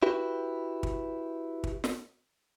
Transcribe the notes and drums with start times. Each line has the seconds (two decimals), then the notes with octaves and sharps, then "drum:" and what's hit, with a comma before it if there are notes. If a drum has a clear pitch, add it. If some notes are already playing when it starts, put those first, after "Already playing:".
0.03 E4 F#4 G4 B4
0.83 drum: kick
1.64 drum: kick
1.84 drum: snare